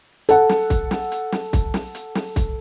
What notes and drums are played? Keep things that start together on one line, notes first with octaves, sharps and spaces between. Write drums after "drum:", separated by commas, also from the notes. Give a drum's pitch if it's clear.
A4 F#5, drum: hi-hat
drum: snare
drum: kick, hi-hat
drum: snare
drum: hi-hat
drum: snare
drum: kick, hi-hat
drum: snare
drum: hi-hat
drum: snare
drum: kick, hi-hat